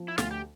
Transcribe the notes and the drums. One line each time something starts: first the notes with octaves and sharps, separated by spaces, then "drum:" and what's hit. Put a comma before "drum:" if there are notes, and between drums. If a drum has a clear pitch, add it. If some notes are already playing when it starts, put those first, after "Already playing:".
Already playing: F3
E4
D2 F4, drum: snare
G4